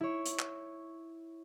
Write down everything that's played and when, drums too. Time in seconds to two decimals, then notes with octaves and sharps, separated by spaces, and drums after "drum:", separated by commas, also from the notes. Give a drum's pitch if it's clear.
0.01 E4 C#5
0.26 drum: hi-hat
0.39 drum: clap